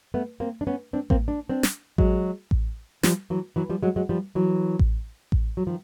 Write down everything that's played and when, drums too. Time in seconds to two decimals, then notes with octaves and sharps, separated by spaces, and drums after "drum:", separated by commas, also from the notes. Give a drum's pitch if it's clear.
0.14 A3 B3
0.40 A#3 C4
0.61 D4
0.67 B3 C#4
0.93 C4 D4
1.10 A#3 C4, drum: kick A1
1.28 D4
1.49 C4 D4
1.63 drum: snare
1.98 F#3 G#3, drum: kick A1
2.51 drum: kick A1
3.03 F3 G3, drum: snare
3.30 E3 F#3
3.56 E3 F#3
3.70 F3 G3
3.83 F#3 G#3
3.96 F#3 G#3
4.09 F3 G3
4.35 E3 F#3
4.79 drum: kick A1
5.32 drum: kick A1
5.57 F#3
5.67 D#3 F3